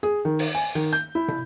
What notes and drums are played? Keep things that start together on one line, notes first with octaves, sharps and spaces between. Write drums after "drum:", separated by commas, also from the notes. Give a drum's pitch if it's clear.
G#4
D#3
drum: open hi-hat
G#5
D#3, drum: hi-hat
G6
E4
drum: tom